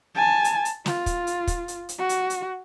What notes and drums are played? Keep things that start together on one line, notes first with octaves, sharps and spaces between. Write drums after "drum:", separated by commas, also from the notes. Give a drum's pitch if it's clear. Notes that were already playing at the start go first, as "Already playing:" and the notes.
G#5 A5
drum: hi-hat
drum: hi-hat
F4, drum: snare
drum: kick, hi-hat
drum: hi-hat
drum: kick, hi-hat
drum: hi-hat
drum: hi-hat
F#4
drum: hi-hat
drum: hi-hat